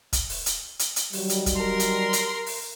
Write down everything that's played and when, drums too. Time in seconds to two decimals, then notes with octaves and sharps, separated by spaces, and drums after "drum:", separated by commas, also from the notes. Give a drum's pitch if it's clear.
0.13 drum: kick, hi-hat
0.29 drum: open hi-hat
0.46 drum: hi-hat
0.79 drum: hi-hat
0.96 drum: hi-hat
1.13 D#3 F#3 G3, drum: open hi-hat
1.29 drum: hi-hat
1.46 drum: kick, hi-hat
1.56 A#4 C6
1.80 drum: hi-hat
2.13 drum: hi-hat
2.46 drum: open hi-hat